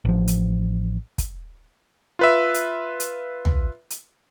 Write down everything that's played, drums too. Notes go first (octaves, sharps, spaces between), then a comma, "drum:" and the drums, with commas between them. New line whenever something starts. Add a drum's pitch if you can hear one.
A1 F3
drum: hi-hat
drum: kick, hi-hat
F4 B4 E5
drum: hi-hat
drum: hi-hat
drum: tom
drum: hi-hat